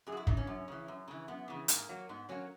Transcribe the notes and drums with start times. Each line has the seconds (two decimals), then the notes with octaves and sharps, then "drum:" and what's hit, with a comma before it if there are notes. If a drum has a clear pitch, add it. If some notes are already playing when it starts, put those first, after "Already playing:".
0.07 F#2 G#4
0.12 F#4
0.17 E4
0.27 C#3 E3 D#4, drum: kick
0.37 C#4
0.47 F#2
0.68 C#3 E3
0.88 F#2
1.08 C#3 E3
1.28 F#2 B3
1.48 C#3 E3
1.68 G#2 A#3, drum: hi-hat
1.89 F#3 A#3
2.09 G#2 B3
2.29 F#3 A#3 C#4